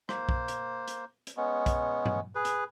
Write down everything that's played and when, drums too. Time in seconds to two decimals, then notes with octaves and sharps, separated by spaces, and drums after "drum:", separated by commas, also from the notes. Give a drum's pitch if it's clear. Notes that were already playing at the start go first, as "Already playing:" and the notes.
0.09 A#3 C5, drum: rim click
0.29 drum: kick B1
0.48 drum: hi-hat
0.88 drum: hi-hat
1.27 drum: hi-hat
1.37 G#3 B3 C#4
1.66 drum: kick B1, hi-hat
2.06 drum: tom G2
2.35 G#4 B4
2.45 drum: hi-hat